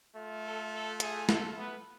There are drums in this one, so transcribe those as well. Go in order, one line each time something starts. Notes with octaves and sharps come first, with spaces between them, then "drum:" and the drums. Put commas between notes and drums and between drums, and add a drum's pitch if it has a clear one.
A3 F4
A4
A4
G#4, drum: hi-hat
A4, drum: snare
B3 B4